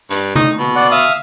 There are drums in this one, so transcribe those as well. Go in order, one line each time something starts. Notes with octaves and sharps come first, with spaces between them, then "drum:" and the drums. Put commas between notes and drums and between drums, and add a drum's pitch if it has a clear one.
G2, drum: hi-hat
D#4, drum: tom C3
B2
D5 F#5
E5 F5 D#6